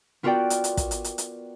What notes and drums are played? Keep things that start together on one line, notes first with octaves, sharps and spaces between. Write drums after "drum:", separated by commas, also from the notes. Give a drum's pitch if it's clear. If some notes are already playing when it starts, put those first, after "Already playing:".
B3 F4 F#4 A#4 D5 G5
drum: hi-hat
drum: hi-hat
drum: kick, hi-hat
drum: hi-hat
drum: hi-hat
drum: hi-hat